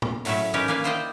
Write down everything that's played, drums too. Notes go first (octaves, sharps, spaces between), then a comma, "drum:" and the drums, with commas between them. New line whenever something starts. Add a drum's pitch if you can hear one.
drum: tom
A2 F#3 A3 C#4 E4 E5, drum: open hi-hat
C#4 D#4 G4 A#4 B4
A#3 B4 D5 F5 G#5
E4 F4 C5 D5 D#5 G5